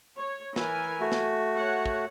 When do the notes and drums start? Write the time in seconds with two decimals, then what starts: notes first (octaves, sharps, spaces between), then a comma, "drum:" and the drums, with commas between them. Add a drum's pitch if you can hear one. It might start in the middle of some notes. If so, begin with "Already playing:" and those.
0.16 C#5
0.56 E3 A#4 G#5, drum: snare
1.01 A3 F#4
1.12 drum: snare
1.56 C#5 F#5
1.86 drum: kick